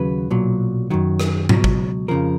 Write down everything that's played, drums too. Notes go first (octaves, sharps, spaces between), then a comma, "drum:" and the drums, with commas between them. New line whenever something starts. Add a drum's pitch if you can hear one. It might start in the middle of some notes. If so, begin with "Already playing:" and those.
Already playing: D#2 C#3 F#3 B4
B1 A#2 F#3
F#2 D#3 F#3
drum: rim click
C#2 B2 F#3, drum: tom G#2
drum: kick
F2 C#3 F3 A#4